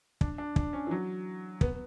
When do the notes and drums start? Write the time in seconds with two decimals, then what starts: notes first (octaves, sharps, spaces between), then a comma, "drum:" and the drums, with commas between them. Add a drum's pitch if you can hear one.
0.21 D4, drum: kick
0.38 D4
0.56 D4, drum: kick
0.73 C#4
0.87 E3
0.91 F#3
1.61 B3, drum: kick